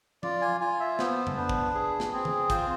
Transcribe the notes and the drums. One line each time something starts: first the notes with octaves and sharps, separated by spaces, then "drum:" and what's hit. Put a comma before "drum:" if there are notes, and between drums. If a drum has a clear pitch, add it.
F4 D5, drum: tom F3
G#5
F4 G#5
E5
B3 C5, drum: snare
A4, drum: tom F2
D4 B4
drum: kick
G#4
drum: snare
C4 G#4
drum: tom D#3
F4 C5, drum: kick, hi-hat